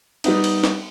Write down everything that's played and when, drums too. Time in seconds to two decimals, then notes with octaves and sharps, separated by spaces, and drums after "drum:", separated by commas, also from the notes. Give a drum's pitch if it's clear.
0.24 G3 B3 D#4, drum: cymbal
0.44 drum: cymbal
0.64 drum: snare